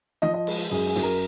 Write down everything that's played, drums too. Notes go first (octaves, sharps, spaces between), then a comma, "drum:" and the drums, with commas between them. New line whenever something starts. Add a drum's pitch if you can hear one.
F3 D#5
D#5
G#3, drum: cymbal
F#2 G#4
G#4
F#2, drum: snare
A#4